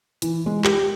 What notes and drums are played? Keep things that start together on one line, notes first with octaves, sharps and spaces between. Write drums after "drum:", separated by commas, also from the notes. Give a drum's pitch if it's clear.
E3, drum: hi-hat
G#3
G4, drum: clap